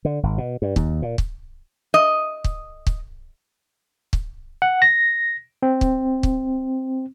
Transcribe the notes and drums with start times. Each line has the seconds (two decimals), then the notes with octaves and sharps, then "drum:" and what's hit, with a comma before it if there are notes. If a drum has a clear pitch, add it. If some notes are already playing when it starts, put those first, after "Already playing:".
0.05 D3
0.23 G#1
0.38 B2
0.62 G2
0.76 D#2, drum: kick
1.02 A#2
1.18 drum: kick
1.94 D#5
2.44 drum: kick
2.87 drum: kick
4.13 drum: kick
4.62 F#5
4.82 A#6
5.63 C4
5.81 drum: kick
6.23 drum: kick